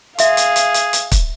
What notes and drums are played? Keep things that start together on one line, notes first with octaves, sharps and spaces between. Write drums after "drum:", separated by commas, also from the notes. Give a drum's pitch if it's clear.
G#4 E5 F5 C6, drum: hi-hat
drum: hi-hat
drum: hi-hat
drum: hi-hat
drum: hi-hat
drum: kick, hi-hat